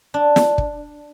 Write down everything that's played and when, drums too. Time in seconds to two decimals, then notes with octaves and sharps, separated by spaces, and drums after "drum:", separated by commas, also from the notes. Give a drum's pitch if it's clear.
0.14 D4
0.36 drum: snare
0.58 drum: kick